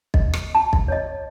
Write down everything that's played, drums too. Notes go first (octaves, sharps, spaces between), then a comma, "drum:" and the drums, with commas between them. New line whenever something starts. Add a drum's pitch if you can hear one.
D#5, drum: kick
drum: rim click
A5
drum: kick
C#5 D#5